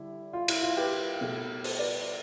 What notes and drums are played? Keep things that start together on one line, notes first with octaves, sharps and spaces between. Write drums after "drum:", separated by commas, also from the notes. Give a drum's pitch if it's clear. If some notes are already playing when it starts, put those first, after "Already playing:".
Already playing: D3 G3 E4
F4
E4, drum: cymbal
F4
G4 B4
B2 A3
A4 C5, drum: open hi-hat
B4 D5